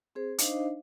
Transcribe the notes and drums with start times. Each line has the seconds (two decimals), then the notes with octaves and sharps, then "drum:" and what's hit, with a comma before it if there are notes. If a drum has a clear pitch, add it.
0.15 C4 G#4 C5
0.38 D4 D#4 C5 D#5 F5, drum: hi-hat